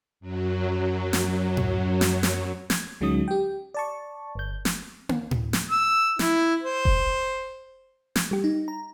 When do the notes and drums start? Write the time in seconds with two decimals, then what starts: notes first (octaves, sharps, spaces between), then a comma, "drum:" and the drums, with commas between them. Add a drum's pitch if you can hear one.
0.20 F#2 F#3
1.13 drum: snare
1.57 drum: tom A2
2.01 drum: snare
2.23 drum: snare
2.70 G#6, drum: snare
3.01 D2 F#3 G#3 C#4 D#4 D#6
3.28 G4 G5
3.74 D5 A5 C#6
4.35 G1 G6
4.65 drum: snare
5.09 drum: tom
5.31 drum: tom A2
5.53 drum: snare
5.70 E6
6.19 E4, drum: snare
6.63 C5
6.85 drum: kick F1
8.16 G#6, drum: snare
8.31 G3 G4
8.44 D#4
8.68 A#5